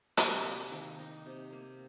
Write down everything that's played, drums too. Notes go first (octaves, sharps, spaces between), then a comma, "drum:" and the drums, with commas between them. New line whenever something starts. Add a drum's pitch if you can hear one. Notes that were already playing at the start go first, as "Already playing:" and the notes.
C3 G4, drum: hi-hat
A#3
D#3
D#4
C3
A#3